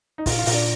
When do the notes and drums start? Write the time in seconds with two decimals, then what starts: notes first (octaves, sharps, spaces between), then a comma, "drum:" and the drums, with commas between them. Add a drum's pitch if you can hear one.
0.18 D#4
0.26 A#2 F4, drum: kick, open hi-hat
0.39 F4
0.46 A#2, drum: open hi-hat
0.53 D4